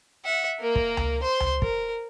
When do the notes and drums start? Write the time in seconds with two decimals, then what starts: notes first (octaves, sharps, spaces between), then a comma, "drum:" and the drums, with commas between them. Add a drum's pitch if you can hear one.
0.25 E5 F#5
0.59 A#3 A#4
0.76 drum: kick
0.97 drum: tom C#2
1.23 C5 C6
1.40 drum: tom C#2
1.62 A#4, drum: kick